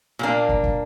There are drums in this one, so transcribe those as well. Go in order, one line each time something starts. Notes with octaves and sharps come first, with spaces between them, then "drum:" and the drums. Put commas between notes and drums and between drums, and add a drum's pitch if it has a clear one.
A#2 G3 A#3 D4
drum: kick
drum: kick